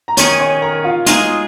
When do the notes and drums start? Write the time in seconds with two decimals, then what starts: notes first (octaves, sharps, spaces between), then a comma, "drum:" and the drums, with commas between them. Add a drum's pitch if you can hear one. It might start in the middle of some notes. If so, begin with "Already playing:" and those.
0.08 A#5
0.17 D#3 C#4 G#4 C#5 C#6, drum: hi-hat
0.40 C#5 C#6
0.62 A#4 A#5
0.84 F4 F5
1.06 G#3 D#4 F4 G#4 D#5, drum: hi-hat